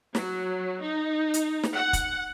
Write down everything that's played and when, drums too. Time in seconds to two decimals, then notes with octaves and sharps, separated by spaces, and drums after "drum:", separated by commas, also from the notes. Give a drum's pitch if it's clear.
0.15 F#3, drum: snare
0.81 D#4
1.34 drum: hi-hat
1.63 drum: snare
1.74 F#5
1.93 drum: kick, hi-hat